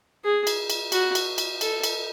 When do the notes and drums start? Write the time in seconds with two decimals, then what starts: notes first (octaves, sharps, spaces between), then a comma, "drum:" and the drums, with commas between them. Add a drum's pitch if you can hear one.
0.24 G#4
0.47 drum: cymbal
0.70 drum: cymbal
0.92 F#4, drum: cymbal
1.15 drum: cymbal
1.38 drum: cymbal
1.61 A4, drum: cymbal
1.84 drum: cymbal